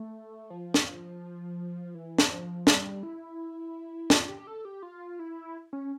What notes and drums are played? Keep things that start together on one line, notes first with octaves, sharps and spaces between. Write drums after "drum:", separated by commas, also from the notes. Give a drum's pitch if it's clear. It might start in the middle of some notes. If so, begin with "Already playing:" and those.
Already playing: A3
F3
drum: snare
E3
drum: snare
F3
G3, drum: snare
E4
F4, drum: snare
G4
A4
G4
F4
E4
C#4